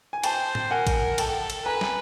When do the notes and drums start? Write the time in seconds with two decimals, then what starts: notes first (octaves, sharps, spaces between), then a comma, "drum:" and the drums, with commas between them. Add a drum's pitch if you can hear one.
0.13 G#5
0.23 C5 G5 A5, drum: cymbal
0.55 drum: tom A2
0.71 A#4 F#5 G#5
0.87 drum: kick A1, cymbal
1.18 A4 G5 A5, drum: cymbal
1.50 drum: cymbal
1.65 B4 G#5 A#5
1.81 drum: snare